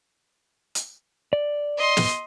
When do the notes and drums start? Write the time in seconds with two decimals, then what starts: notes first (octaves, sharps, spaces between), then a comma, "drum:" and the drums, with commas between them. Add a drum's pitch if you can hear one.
0.75 drum: hi-hat
1.33 D5
1.78 D#5 C6
1.97 drum: snare